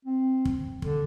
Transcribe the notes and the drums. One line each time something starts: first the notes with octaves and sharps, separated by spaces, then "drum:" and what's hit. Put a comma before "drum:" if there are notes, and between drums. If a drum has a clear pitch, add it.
C4
drum: kick
D3, drum: kick